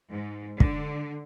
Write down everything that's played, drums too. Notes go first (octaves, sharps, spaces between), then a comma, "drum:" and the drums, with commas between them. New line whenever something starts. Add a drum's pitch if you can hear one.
G#2
D3, drum: kick